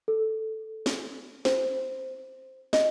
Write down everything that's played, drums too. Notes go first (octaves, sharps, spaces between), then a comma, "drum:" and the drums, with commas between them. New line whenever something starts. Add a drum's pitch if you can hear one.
A4
drum: snare
C5, drum: snare
D#5, drum: snare